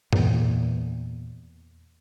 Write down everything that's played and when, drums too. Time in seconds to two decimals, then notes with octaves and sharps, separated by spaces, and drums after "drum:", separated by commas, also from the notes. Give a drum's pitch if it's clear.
0.13 E2 A#2, drum: tom G2